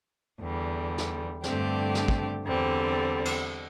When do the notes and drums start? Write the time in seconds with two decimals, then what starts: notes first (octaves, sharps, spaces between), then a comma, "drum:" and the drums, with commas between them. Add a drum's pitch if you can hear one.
0.41 E2 D3 G3
0.98 drum: snare
1.44 G2 D3 A3 C4 G4, drum: snare
1.95 drum: snare
2.08 drum: kick
2.46 E2 D3 G3 C4
3.25 drum: cymbal